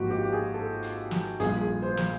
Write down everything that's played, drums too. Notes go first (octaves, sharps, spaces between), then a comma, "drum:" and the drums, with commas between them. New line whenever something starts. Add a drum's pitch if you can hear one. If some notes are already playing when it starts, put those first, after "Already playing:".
Already playing: G#1 G#2 F3 A#3 F#4 G4
G4
G4
G#4
A4
drum: hi-hat
drum: snare
A#1 A#2 G3 A#3 G#4, drum: hi-hat
G#4
C5
drum: snare